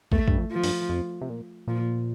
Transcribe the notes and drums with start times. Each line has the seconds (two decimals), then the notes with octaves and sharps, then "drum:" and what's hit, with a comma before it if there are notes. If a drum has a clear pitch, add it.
0.12 E2 A3, drum: kick
0.28 G2, drum: kick
0.37 F2
0.51 F3
0.64 G2, drum: open hi-hat
0.89 F2
1.21 C3
1.30 A#2
1.68 A#2 F3